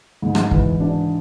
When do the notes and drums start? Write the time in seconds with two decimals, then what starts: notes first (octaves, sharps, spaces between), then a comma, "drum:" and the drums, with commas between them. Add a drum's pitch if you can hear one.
0.22 G#2
0.35 drum: rim click
0.51 E3, drum: kick
0.80 D4